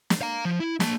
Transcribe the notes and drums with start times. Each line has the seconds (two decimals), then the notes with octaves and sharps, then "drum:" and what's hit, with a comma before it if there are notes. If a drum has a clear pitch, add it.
0.10 drum: snare
0.22 F5 A#5
0.45 F3
0.60 E4
0.80 A#3 A5, drum: snare